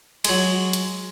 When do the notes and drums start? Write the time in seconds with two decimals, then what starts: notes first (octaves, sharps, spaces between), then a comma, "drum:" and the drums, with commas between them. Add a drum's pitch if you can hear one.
0.24 F#3 G#3, drum: cymbal
0.73 drum: hi-hat